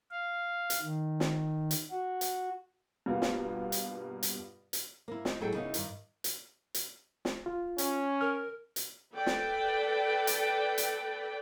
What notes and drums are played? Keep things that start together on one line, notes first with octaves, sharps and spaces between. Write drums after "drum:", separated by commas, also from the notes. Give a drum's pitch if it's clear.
F5
drum: hi-hat
D#3
drum: snare
drum: hi-hat
F#4
drum: hi-hat
G2 B2 A#3 B3 F4
drum: snare
drum: hi-hat
drum: hi-hat
drum: hi-hat
A#3 E4
D#4, drum: snare
A2 F#3 G#4 A4 G5
C#3 E3 A#3 B3 D#4 E4
G2 D#3, drum: hi-hat
drum: hi-hat
drum: hi-hat
drum: snare
F4
C#4, drum: hi-hat
A#4 F6
drum: hi-hat
A4 B4 D5 G5
drum: snare
drum: hi-hat
drum: hi-hat